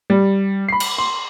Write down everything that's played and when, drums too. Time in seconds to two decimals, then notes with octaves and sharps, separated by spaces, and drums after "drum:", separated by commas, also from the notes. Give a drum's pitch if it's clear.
0.10 G3
0.69 B5 C7
0.80 drum: cymbal
0.98 C6